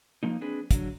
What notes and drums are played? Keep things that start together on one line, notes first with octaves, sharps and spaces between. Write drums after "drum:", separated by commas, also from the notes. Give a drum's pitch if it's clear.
F3 A#3 D#4
C4 D4 G#4 B4
D3 F#3, drum: kick, hi-hat